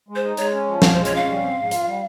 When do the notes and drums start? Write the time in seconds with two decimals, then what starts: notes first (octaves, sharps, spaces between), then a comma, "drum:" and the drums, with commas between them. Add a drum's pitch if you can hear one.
0.08 G#3
0.15 C5
0.23 D#4
0.37 G#3 C#5, drum: hi-hat
0.53 C#4
0.67 F3
0.82 F4 C#5, drum: snare
0.93 G#3 C5
1.05 C#5, drum: hi-hat
1.12 C#4 F5
1.27 G3
1.42 C4
1.57 G#2
1.71 F4, drum: hi-hat
1.87 G3